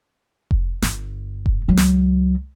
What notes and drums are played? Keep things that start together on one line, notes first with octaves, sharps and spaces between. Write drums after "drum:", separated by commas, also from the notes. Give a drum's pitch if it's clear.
drum: kick F1
G1, drum: snare
drum: kick F1
C#2 F#3
drum: snare